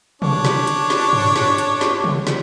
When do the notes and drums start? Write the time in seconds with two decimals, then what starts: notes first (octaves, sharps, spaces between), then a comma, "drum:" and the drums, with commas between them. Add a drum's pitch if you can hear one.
0.22 D4 C#5, drum: tom
0.45 drum: snare
0.67 drum: hi-hat
0.90 drum: snare
1.13 drum: tom G2
1.36 drum: snare
1.58 drum: hi-hat
1.81 drum: snare
2.04 drum: tom
2.27 drum: snare